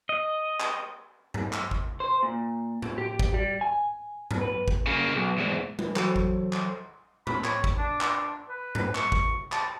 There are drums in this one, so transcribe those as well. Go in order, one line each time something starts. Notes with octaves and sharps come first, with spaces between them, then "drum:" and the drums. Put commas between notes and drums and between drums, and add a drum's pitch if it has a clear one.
D#5
drum: clap
drum: tom G2
drum: clap
drum: kick G#1
C5
A#2
drum: tom A2
G4
drum: kick G#1
G3
G#5
drum: tom G2
B4
drum: kick G#1
C#3 A#3
B1
E2 G#2
drum: tom G3
E3 F#3 F#4 A4 C5 C#5, drum: clap
drum: kick G#1
drum: clap
B5, drum: tom A2
C#5, drum: clap
drum: kick G#1
D4
drum: clap
B4
drum: tom G2
C#6, drum: clap
drum: kick G#1
A5, drum: clap